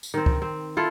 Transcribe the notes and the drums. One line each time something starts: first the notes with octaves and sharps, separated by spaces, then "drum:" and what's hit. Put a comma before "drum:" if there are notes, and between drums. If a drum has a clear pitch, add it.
drum: tambourine
D#3 C4
drum: kick
C4
E4 F4 A4